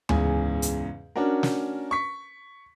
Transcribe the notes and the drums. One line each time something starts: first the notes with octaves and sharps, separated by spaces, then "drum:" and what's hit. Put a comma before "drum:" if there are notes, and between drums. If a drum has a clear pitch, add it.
E2 G#2 C#3 G#5, drum: tom D2
drum: hi-hat
C#4 D4 F#4 A#4
drum: snare
C#6 B6